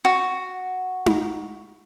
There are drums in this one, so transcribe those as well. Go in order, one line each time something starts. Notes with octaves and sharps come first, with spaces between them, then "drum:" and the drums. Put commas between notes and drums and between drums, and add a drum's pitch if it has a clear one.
F#4
drum: tom D#4